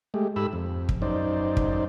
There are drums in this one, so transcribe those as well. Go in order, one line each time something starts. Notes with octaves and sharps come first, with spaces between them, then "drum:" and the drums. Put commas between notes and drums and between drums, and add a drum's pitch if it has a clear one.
G#3 A3 G4
G#2 G4 A4 B5 E6
F2
drum: kick
F#2 D#4 C5 D5
drum: kick